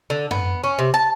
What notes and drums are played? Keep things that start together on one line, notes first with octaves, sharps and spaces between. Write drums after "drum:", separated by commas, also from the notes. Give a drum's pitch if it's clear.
D3
B3, drum: tom F#2
C#4
C3
A5